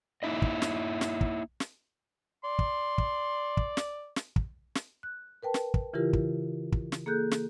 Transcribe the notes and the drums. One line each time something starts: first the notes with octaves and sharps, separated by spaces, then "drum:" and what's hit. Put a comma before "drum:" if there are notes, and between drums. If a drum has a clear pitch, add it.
A#3 D#4 E4 D#5
drum: kick
drum: snare
drum: snare
drum: kick
drum: snare
D5 C6
drum: kick
drum: kick
drum: kick
drum: snare
drum: snare
drum: kick
drum: snare
F#6
A#4 B4 G5 A5
drum: snare
drum: kick
C#3 E3 E4 F4 G4 A#4
drum: kick
drum: kick
drum: snare
A#3 G#4 A4 F#6 G6
drum: snare